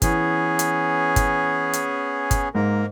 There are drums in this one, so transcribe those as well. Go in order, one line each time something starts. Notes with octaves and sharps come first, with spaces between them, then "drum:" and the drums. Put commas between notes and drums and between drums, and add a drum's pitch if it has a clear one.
E3 B3 C#4 G#4, drum: kick G1, hi-hat
drum: hi-hat
drum: kick G1, hi-hat
drum: hi-hat
drum: kick G1, hi-hat
G#2 A#3 A#4